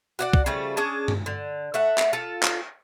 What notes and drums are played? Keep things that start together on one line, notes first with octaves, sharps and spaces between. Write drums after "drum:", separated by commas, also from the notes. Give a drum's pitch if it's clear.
F#4 D5 F#5
drum: kick
C#3 F3 G3 A3
C#4 D4 G#4 A5
drum: tom
D3
A3 E5 F#5
drum: clap
F4 A4
drum: clap